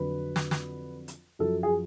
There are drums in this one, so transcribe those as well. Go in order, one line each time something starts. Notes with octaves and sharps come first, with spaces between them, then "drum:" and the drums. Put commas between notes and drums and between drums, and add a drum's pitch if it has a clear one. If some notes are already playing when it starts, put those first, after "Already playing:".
Already playing: F2 D3 F#3 B4
drum: snare
drum: snare
drum: hi-hat
F#2 F3 A4
G#4